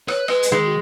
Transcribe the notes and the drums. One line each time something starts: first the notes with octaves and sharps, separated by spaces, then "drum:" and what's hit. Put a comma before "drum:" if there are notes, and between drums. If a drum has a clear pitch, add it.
B4 C#5, drum: rim click
B4 D#5 G#5, drum: rim click
drum: hi-hat
D#3 G#3
F#4